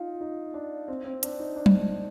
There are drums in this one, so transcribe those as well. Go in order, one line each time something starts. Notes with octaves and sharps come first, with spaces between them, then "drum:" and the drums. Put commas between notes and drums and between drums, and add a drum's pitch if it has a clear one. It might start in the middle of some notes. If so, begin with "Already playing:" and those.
Already playing: D#4 F4
D#4
D4
C4
C4
D4, drum: hi-hat
D#4
D4
drum: tom F#3